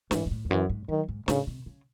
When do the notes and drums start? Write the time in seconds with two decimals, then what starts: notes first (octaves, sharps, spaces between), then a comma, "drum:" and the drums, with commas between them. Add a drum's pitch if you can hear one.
0.11 G#2 E3, drum: snare
0.26 G#2
0.31 A2
0.45 E2
0.51 F#2 E3
0.70 G#2
0.89 D#3 F#3
1.09 G#2
1.28 A2 C#3, drum: snare
1.47 C3
1.66 C#3